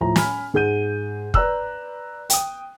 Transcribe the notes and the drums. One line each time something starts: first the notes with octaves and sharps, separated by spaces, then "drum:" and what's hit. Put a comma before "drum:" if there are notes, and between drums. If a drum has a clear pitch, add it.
A2 F3 A#5
G#5 B5 F6, drum: snare
G#2 G#4 F#5 G6 D#7
B4 D5 A#5 E6 F#6, drum: kick
G5 D#6, drum: hi-hat